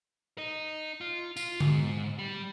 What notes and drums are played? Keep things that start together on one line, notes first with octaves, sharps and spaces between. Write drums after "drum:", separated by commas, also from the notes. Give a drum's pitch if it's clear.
D#4 D#5
F4
F4, drum: tambourine
G#2, drum: tom D3
G3